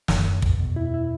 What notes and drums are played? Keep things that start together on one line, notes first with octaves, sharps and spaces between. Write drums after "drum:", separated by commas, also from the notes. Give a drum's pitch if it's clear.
F#2, drum: snare
F#2
E2, drum: kick
B2
E4
E4